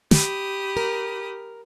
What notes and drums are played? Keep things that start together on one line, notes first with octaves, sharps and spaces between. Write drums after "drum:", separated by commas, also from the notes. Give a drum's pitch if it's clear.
G4 B5 D#6, drum: snare
A#4